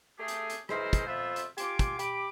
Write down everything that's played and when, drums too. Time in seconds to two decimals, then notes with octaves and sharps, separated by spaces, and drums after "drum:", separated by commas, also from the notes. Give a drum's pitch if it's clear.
0.18 A3 G4 G#4
0.28 drum: hi-hat
0.50 drum: hi-hat
0.69 E3 G#3 E4 G#4 A#4 C5, drum: rim click
0.93 drum: kick, hi-hat
1.07 F2 F3 B3 F4 C5 E5
1.36 drum: hi-hat
1.58 F4 G4 G#5 C6 D6, drum: hi-hat
1.79 drum: kick, hi-hat
1.99 G4 B5 D6, drum: hi-hat